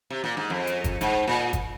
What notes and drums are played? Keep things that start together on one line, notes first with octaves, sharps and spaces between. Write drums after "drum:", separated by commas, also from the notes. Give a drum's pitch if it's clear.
C3
A#2
G#2
F2
drum: hi-hat
drum: kick, hi-hat
G#2, drum: hi-hat
A#2
drum: kick, hi-hat